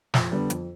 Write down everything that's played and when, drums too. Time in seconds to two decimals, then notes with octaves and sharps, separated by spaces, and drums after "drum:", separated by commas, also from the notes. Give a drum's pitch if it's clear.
0.14 F2, drum: snare
0.32 D3 G3 B3
0.50 F2, drum: hi-hat